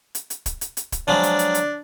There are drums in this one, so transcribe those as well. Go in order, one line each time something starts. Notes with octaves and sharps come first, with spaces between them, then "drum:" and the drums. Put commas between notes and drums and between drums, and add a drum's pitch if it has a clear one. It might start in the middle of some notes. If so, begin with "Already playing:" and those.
drum: hi-hat
drum: hi-hat
drum: kick, hi-hat
drum: hi-hat
drum: hi-hat
drum: kick, hi-hat
F3 F#3 G#3 D4
drum: hi-hat
drum: hi-hat
drum: hi-hat